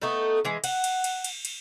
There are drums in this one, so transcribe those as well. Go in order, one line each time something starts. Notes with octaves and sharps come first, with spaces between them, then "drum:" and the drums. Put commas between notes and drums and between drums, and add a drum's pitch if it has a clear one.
A3 B3 D#4 A4
E3 G#3
F#5, drum: cymbal
drum: cymbal
drum: cymbal
drum: cymbal
drum: cymbal